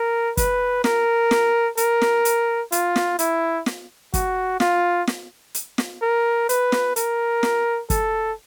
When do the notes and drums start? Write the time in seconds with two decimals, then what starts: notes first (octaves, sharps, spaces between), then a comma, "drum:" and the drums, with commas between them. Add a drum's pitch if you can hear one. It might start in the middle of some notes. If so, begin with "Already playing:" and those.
Already playing: A#4
0.37 B4, drum: kick, hi-hat
0.84 A#4, drum: snare
1.31 drum: snare
1.77 A#4, drum: hi-hat
2.01 drum: snare
2.25 drum: hi-hat
2.72 F4, drum: hi-hat
2.96 drum: snare
3.19 E4, drum: hi-hat
3.66 drum: snare
4.14 F#4, drum: kick, hi-hat
4.60 F4, drum: snare
5.07 drum: snare
5.55 drum: hi-hat
5.78 drum: snare
6.02 A#4
6.49 B4, drum: hi-hat
6.72 drum: snare
6.96 A#4, drum: hi-hat
7.43 drum: snare
7.90 A4, drum: kick, hi-hat